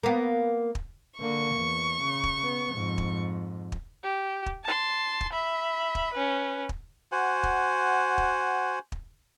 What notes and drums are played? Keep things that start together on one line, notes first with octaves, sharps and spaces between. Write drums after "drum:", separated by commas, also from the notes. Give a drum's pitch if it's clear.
A#3 B3
drum: kick
D3 A#3 C#6
E2
C#3
drum: kick
B3
F2 G#2
drum: kick
drum: kick
G4
drum: kick
A5 C6
drum: kick
E5 B5
drum: kick
C#4 B4
drum: kick
F#4 C5 F#5 G#5
drum: kick
drum: kick
drum: kick